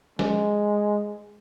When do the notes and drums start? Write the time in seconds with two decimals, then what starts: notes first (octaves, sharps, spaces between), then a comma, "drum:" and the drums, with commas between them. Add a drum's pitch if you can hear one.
0.19 G#3, drum: snare